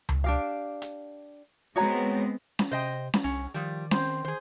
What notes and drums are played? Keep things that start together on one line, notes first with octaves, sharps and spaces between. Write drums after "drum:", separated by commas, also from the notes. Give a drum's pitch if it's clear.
drum: tom C#2
D4 G4 F5
drum: hi-hat
G#3 B3 C4 F#4 C#5 A#5
drum: snare C#4
C3 C5 D#5 G5
drum: snare C#4
C2 C#4
D#3 F3 G3
C4 C5, drum: snare C#4
D#3 G#4 C5